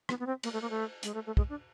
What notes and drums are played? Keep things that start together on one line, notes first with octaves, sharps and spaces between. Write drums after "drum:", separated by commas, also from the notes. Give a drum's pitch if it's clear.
B3, drum: rim click
B3
C4
A#3, drum: cymbal
A3
A#3
A3
G#3, drum: hi-hat
A3
A3
G#3, drum: kick
D4